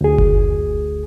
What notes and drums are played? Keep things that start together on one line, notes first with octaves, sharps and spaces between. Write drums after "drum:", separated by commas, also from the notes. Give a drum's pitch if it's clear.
D2 G#4
drum: kick F#1